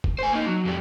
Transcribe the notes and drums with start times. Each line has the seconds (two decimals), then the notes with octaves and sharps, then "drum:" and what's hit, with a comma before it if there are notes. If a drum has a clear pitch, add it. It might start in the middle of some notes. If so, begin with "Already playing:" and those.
0.04 drum: kick F1
0.19 C5 G#5
0.33 A#3 D#4
0.47 F#3
0.66 F2 G3